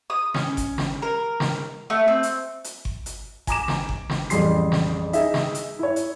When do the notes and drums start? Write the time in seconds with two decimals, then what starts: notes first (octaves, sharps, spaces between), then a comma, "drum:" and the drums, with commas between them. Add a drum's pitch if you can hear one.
0.10 D#6
0.34 C#4, drum: snare
0.57 drum: kick G1, hi-hat
0.78 drum: snare
1.02 A#4
1.40 drum: snare
1.90 A3
2.08 C4
2.23 drum: hi-hat
2.64 drum: hi-hat
2.85 drum: kick G1
3.06 drum: hi-hat
3.47 G#5 A#5 D6 E7, drum: kick G1, hi-hat
3.68 drum: snare
3.89 drum: kick G1
4.09 drum: snare
4.30 A1 F2 G3 G#4 C6 C7, drum: hi-hat
4.72 drum: snare
5.13 D#4 G#4 E5, drum: hi-hat
5.34 drum: snare
5.55 drum: hi-hat
5.79 E4 C#5
5.96 drum: hi-hat